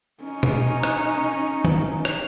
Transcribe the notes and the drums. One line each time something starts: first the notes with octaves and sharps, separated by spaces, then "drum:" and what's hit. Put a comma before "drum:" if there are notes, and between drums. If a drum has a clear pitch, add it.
C#4 D#4
drum: tom B2
drum: rim click
drum: tom D#3
drum: rim click